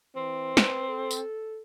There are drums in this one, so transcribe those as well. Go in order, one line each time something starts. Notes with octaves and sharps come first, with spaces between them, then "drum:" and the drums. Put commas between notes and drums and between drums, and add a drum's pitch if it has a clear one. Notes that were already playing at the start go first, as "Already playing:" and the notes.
E3 C4
B4, drum: snare
A4
drum: tambourine